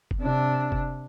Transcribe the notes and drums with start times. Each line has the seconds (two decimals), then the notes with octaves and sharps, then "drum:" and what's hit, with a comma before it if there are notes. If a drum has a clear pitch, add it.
0.11 drum: kick
0.20 C3 D4
0.72 drum: kick